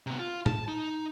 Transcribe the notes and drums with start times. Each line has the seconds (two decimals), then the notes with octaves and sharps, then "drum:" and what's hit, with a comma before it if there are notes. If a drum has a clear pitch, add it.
0.07 C3 B3
0.19 F4
0.46 A5, drum: tom
0.68 D#4